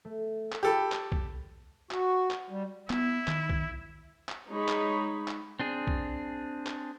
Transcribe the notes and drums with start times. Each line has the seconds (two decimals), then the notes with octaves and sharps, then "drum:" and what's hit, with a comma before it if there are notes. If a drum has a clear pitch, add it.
0.05 A3
0.52 drum: clap
0.63 G4 A4 B5
0.92 drum: clap
1.12 drum: kick B1
1.91 F#4, drum: clap
2.31 drum: clap
2.50 G3
2.90 B3 E4, drum: clap
3.27 D#3, drum: clap
3.49 drum: kick B1
4.29 drum: clap
4.50 G#3 D#4 C#5 B5
4.68 drum: clap
5.28 drum: clap
5.60 C4 D4 G#4
5.87 drum: kick B1
6.66 drum: clap